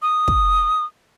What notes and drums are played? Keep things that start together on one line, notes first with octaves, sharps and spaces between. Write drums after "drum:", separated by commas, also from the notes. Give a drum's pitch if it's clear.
D#6
drum: kick